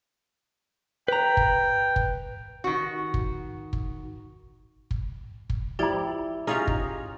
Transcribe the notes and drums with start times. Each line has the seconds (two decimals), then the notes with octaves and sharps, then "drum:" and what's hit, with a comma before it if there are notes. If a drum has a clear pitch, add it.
1.08 B4 G5 A#5
1.37 drum: kick
1.96 drum: kick
2.64 D#3 F#4
3.14 drum: kick
3.73 drum: kick
4.91 drum: kick
5.50 drum: kick
5.79 F3 E4 G4 D5 B5
6.47 C#4 D#4 F4 G4 G#4 A#5
6.67 drum: kick